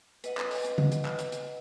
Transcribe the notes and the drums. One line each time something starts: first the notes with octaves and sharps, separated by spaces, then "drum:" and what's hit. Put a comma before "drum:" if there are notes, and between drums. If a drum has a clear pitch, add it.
B4 D#5 F#5, drum: hi-hat
drum: clap
drum: open hi-hat
drum: hi-hat
drum: tom
drum: hi-hat
drum: clap
drum: hi-hat
drum: hi-hat